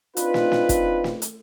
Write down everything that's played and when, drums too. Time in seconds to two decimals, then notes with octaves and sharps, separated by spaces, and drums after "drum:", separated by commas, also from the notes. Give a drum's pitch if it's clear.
0.17 C4 D4 D#4 F4 B4, drum: hi-hat
0.34 drum: snare
0.52 drum: snare
0.69 drum: kick, hi-hat
1.04 drum: snare
1.22 drum: hi-hat